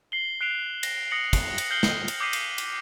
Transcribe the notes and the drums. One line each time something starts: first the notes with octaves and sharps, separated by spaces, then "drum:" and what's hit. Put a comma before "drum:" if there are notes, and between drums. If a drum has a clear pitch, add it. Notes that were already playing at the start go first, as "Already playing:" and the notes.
C7 F#7 G7
F#6 C7 D7 E7 F7
A#6, drum: cymbal
D#6 A#6 C#7 F#7
drum: kick, cymbal
drum: cymbal
F6 G6 A#6 C7 F#7 G7
drum: snare
drum: cymbal
D6 D#6 G6 B6 C7 D#7
drum: cymbal
drum: cymbal